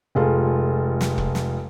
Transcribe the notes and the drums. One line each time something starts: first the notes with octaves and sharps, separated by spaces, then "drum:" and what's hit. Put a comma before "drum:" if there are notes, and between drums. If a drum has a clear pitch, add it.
F1 G#3 F4 A4
drum: snare
drum: kick E1
drum: snare